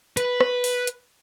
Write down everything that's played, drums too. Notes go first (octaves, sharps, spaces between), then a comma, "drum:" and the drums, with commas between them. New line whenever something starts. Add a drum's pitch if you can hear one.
B4, drum: hi-hat
drum: rim click
drum: open hi-hat
drum: hi-hat